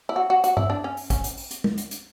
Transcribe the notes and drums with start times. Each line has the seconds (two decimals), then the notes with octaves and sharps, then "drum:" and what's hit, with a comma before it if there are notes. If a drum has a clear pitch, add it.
0.09 E4
0.16 F#4
0.30 F#4
0.44 F#4, drum: hi-hat
0.57 E4, drum: tom G2
0.70 D4
0.84 C#4
0.97 drum: open hi-hat
1.10 C#4, drum: kick G#1, hi-hat
1.24 drum: hi-hat
1.37 drum: open hi-hat
1.51 drum: hi-hat
1.64 drum: tom
1.78 drum: hi-hat
1.91 drum: hi-hat